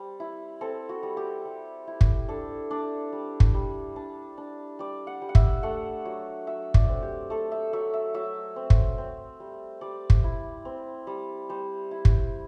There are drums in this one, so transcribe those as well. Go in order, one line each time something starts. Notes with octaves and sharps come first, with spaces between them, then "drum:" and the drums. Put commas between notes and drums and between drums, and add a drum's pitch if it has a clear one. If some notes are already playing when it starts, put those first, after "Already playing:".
Already playing: G3 C4
E4
C4 A4
F#4
G3
G4
G3
E4
drum: kick
D4 A4
D4 D5
G3
drum: kick
G3
D4
D4
G3 D5
F#5
G3
F#5
E5, drum: kick
A3 F#5
F#3
F#3 E5
D5, drum: kick
C4
G4
A3 A4
E5
F#3 E5
E5
F#3 E5
C4
drum: kick
C4
G3
G3 D5
drum: kick
E4
C4
G3
G3 C5
E4
drum: kick